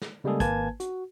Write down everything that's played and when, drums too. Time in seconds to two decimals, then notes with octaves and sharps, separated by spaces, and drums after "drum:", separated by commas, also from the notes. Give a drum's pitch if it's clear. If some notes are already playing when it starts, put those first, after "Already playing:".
0.02 drum: snare
0.24 C#3 G3 G#3 A#3 G#4 A4
0.40 G#1 A#3 B4 G#5 A5 G#6, drum: kick A1, hi-hat
0.80 F#4, drum: hi-hat